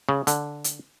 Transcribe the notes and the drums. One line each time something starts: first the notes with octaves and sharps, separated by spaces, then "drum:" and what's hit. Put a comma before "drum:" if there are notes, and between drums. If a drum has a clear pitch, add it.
C#3
D3, drum: hi-hat
drum: hi-hat